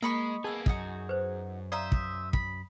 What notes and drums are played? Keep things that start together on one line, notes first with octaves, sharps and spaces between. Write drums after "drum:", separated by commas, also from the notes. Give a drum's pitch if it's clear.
G#3 A#3 D#5 B5 C#6
A#3 B3 G#4 A5 E6
F#2 D#4 F#4, drum: kick
B4 C5
C5 D5 E5 F5 A#5 D#6
drum: kick
B5, drum: kick